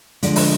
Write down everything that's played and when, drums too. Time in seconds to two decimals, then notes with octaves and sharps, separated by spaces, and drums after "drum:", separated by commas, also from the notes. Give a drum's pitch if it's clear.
0.23 D2 D3 F3 G#3 D5, drum: hi-hat
0.36 D#5, drum: open hi-hat